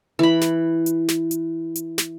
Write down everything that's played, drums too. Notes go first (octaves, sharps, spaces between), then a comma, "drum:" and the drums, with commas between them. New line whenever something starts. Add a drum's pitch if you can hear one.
E3 B5
drum: snare
drum: hi-hat
drum: snare
drum: hi-hat
drum: hi-hat
drum: snare